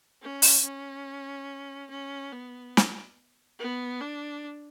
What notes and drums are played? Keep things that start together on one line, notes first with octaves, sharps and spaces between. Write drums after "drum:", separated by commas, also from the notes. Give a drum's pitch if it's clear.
C#4
drum: open hi-hat
C#4
C#4
B3
drum: snare
B3
D4